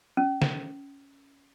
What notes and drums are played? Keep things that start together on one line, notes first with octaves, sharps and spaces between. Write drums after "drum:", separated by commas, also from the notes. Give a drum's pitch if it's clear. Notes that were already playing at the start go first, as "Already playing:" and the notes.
C#4
drum: snare